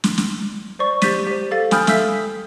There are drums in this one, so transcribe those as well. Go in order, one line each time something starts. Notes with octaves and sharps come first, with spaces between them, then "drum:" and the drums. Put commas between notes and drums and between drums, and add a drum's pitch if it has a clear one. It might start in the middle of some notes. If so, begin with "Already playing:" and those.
drum: snare
drum: snare
C5 D5 C#6
G4 G6 A6 B6 D#7, drum: snare
G4 C5
G4 A4 F5 A6
G5 G#5 B5 D#6 F6 G6, drum: snare
A4 E5 F5 E6 G6 B6, drum: snare